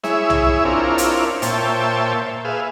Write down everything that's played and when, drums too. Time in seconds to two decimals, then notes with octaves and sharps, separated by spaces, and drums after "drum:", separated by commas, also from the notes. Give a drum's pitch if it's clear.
0.04 E4 G#4 C#5 E5, drum: snare
0.30 drum: tom B1
0.65 C4 D4 E4 F4 A#4 C#5
0.98 drum: hi-hat
1.42 A#2 C5 C#5 E5 G5 A5, drum: hi-hat
2.45 G#4 B4 E5 F5